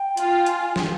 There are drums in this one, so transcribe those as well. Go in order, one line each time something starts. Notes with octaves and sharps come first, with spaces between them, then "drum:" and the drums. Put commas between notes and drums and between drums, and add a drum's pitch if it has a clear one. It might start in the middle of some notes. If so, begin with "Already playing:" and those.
Already playing: G5
F4, drum: hi-hat
G#5, drum: hi-hat
G#5
G#5, drum: snare